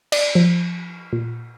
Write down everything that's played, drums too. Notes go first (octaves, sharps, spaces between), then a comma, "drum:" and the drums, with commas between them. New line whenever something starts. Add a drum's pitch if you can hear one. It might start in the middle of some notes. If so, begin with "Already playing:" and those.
D5, drum: cymbal
F3
A#2